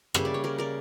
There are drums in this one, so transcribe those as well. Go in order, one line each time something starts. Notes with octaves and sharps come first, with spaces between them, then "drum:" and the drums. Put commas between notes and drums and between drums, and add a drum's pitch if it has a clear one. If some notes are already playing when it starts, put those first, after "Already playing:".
C#3 G3 A#3 E5, drum: rim click
D5
C#5
A#4 D5
A#4 D5